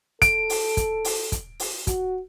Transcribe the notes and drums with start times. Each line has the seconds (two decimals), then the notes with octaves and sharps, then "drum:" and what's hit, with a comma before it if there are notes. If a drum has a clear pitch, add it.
0.22 A4 D7, drum: kick, hi-hat
0.50 drum: open hi-hat
0.77 drum: kick, hi-hat
1.05 drum: open hi-hat
1.32 drum: kick, hi-hat
1.60 drum: open hi-hat
1.87 F#4, drum: kick, hi-hat